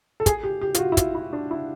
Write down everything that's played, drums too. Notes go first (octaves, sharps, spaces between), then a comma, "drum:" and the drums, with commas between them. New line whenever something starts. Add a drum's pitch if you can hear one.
A4
G#4, drum: kick, hi-hat
G4
G4
F4, drum: hi-hat
F#4
E4
F4, drum: kick, hi-hat
E4
D4
E4